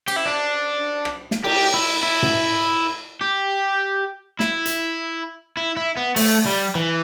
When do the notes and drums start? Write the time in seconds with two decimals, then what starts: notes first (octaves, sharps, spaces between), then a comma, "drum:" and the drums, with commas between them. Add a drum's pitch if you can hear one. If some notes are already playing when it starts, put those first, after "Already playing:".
0.08 G4, drum: cymbal
0.16 E4
0.26 D4
1.05 drum: rim click
1.31 drum: snare
1.44 G4, drum: cymbal
1.74 E4
2.03 E4
2.23 drum: tom
3.21 G4
4.40 E4, drum: snare
4.65 drum: hi-hat
5.57 E4
5.77 E4
5.97 B3
6.16 A3, drum: open hi-hat
6.46 G3
6.75 E3